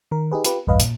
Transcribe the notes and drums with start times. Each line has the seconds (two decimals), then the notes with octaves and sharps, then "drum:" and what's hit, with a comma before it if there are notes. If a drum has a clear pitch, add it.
0.11 D#3 A#4
0.31 D#4 G4 G#4 B4
0.44 F4 G4 B4, drum: hi-hat
0.67 A#1 E2 G2 B4 D#5 F5
0.80 A#2, drum: hi-hat